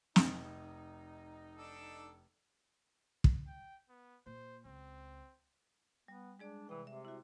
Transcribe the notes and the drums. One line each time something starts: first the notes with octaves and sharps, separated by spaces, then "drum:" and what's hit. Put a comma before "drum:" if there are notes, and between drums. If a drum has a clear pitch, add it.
F1 D#4, drum: snare
D4 A4
drum: kick
G5
B3
A#2 C5
C#2 C4
G3 B3
G#3 D4 G#4 D5
C3 E3 G5
C3 E5
E4 F#4